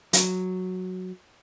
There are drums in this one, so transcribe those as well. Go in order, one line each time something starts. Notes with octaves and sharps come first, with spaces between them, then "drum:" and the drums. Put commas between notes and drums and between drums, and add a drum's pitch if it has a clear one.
F#3, drum: hi-hat